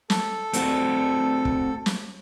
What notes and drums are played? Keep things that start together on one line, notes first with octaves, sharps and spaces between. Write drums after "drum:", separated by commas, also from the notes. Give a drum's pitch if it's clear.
A4, drum: snare
A3 C4 F#4, drum: hi-hat
drum: kick
drum: snare